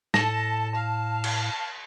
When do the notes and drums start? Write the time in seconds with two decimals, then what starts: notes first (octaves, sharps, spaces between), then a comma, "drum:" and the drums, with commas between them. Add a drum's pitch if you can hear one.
0.14 A2 A4 A5 A#6, drum: snare
0.75 F5
1.24 drum: cymbal